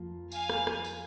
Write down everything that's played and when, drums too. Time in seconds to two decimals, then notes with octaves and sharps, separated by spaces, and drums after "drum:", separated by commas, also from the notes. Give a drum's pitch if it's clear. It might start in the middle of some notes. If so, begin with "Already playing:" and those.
Already playing: F2 F3 A#3 F4
0.32 F5 G#5, drum: tambourine
0.50 drum: rim click
0.67 drum: rim click
0.84 drum: tambourine